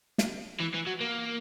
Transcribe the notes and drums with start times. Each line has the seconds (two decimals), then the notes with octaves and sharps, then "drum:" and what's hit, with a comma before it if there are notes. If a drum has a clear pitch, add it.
0.18 drum: snare
0.60 E3
0.74 E3
0.87 F#3
1.01 A#3